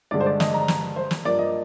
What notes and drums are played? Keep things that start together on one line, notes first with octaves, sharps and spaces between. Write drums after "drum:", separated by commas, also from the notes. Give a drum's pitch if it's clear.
G2 D3 G#3 D5
C5
D5
D#5, drum: snare
A#5
drum: snare
C5
drum: snare
G2 F3 A#3 D5
D#5